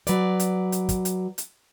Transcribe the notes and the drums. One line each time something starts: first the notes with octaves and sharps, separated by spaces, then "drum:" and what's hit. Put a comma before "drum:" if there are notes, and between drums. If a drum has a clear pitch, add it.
F#3 B4 D5, drum: hi-hat
drum: hi-hat
drum: hi-hat
drum: kick, hi-hat
drum: hi-hat
drum: hi-hat